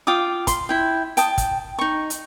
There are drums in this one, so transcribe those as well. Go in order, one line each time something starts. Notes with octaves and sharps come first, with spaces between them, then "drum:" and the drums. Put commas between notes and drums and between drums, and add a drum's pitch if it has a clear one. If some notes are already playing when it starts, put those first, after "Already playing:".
F4 G5 D6 D#6
C6, drum: kick, hi-hat
E4 G5
G5 A5 D#6, drum: hi-hat
drum: kick, hi-hat
D#4 C#6
drum: hi-hat